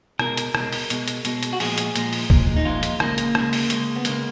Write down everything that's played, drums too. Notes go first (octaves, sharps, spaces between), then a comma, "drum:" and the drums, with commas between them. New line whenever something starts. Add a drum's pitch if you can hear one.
B2 G#3 A#4, drum: rim click
drum: hi-hat
B2, drum: rim click
G#3
drum: open hi-hat
B2 G#3, drum: hi-hat
drum: hi-hat
B2 G#3, drum: hi-hat
drum: hi-hat
F#4
A#2 F3 G#3 G#4, drum: open hi-hat
drum: hi-hat
A#2 F3 G#3, drum: hi-hat
drum: open hi-hat
A#2 F3 G#3, drum: kick
D#4
A#2 F3 G#3 F4
drum: hi-hat
C#3 G#3 A#3, drum: rim click
drum: hi-hat
C#3 G#3, drum: rim click
drum: open hi-hat
C#3 G#3, drum: hi-hat
B3
C#3 G#3 A#3, drum: hi-hat